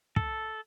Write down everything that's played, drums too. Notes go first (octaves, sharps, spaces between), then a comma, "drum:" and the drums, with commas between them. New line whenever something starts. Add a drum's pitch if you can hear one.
A4, drum: kick